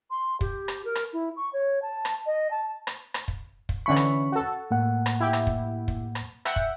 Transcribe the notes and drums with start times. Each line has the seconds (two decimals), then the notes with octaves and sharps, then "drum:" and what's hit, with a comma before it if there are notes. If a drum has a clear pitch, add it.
0.11 C6
0.41 G4, drum: kick
0.68 drum: rim click
0.85 A#4
0.95 drum: rim click
1.13 E4
1.37 C#6
1.53 C#5
1.82 A5
2.05 drum: rim click
2.26 D#5
2.51 A5
2.87 drum: rim click
3.14 drum: rim click
3.28 drum: kick
3.69 drum: kick
3.86 D3 E3 C#4 B5 C#6
3.96 drum: rim click
4.32 F#4 A4
4.71 A2 A#3 F#5
5.06 drum: rim click
5.20 E4 G4
5.33 drum: rim click
5.47 drum: kick
5.88 drum: kick
6.15 drum: rim click
6.45 E5 F#5 G5, drum: rim click
6.56 drum: kick